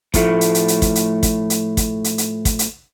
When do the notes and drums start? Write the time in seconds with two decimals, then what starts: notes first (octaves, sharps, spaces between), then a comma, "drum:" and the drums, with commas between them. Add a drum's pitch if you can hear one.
0.14 A2 F3 A3, drum: kick, hi-hat
0.41 drum: hi-hat
0.55 drum: hi-hat
0.68 drum: hi-hat
0.82 drum: kick, hi-hat
0.95 drum: hi-hat
1.23 drum: kick, hi-hat
1.50 drum: hi-hat
1.77 drum: kick, hi-hat
2.04 drum: hi-hat
2.18 drum: hi-hat
2.45 drum: kick, hi-hat
2.59 drum: hi-hat